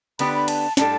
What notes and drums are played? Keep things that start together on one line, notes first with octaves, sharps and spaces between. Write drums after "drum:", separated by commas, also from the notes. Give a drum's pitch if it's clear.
D3 B3 D4 G4 B5, drum: cymbal
B5
A5, drum: cymbal
A2 G3 D4 A4 A5, drum: snare